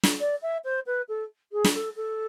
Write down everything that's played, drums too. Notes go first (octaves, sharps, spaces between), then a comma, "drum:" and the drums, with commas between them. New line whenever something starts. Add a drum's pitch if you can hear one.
drum: snare
D5
E5
C5
B4
A4
G#4
drum: snare
A4
A4